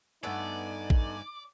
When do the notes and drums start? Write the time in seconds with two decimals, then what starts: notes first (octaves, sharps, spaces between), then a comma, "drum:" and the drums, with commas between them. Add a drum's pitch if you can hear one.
0.23 G2 A3 B3 D#4 A4 D5 G#5
0.90 drum: kick A1